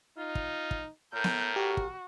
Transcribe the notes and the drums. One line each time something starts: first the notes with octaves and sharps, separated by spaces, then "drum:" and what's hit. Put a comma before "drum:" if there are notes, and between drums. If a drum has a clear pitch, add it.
D#4 F4
drum: kick
drum: kick
A2 A#4 G6
drum: snare B3
F#4 G4
drum: kick